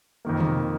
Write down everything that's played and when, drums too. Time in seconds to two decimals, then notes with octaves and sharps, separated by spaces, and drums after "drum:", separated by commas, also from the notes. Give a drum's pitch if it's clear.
0.25 F2 D#3 A#3
0.40 drum: tom